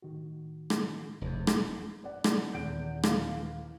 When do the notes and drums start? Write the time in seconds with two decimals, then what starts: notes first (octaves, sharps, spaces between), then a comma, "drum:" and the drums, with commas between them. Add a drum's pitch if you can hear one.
0.02 A2 D#3 F#4
0.70 drum: rim click
1.21 F1 E2
1.47 drum: rim click
2.04 D5 F#5
2.24 drum: rim click
2.54 D#1 E2 F#5 G6 D7
3.03 E3 F5, drum: rim click